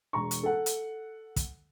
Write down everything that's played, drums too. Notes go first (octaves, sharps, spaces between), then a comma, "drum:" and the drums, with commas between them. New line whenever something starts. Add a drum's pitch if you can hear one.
E1 A#5 C#6
drum: hi-hat
A4 F#5
drum: hi-hat
drum: kick, hi-hat